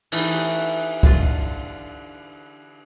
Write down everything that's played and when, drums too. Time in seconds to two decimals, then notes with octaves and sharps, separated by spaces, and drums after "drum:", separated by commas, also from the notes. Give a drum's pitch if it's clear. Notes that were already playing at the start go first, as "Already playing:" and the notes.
0.12 E3 A3 D#4 A4 D#5 F#5, drum: cymbal
1.03 D3 F4, drum: kick